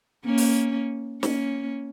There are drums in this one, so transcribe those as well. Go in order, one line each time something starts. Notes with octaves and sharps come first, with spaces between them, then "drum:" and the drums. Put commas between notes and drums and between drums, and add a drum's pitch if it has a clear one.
A#3 C#4
drum: open hi-hat
A#3 C#4, drum: snare